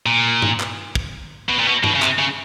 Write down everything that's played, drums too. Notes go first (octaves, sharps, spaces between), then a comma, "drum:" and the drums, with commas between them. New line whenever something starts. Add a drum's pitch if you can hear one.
A#2
drum: tom G2
drum: clap
drum: kick
B2
A#2
B2
B2, drum: tom G2
C#3
C3, drum: clap
C#3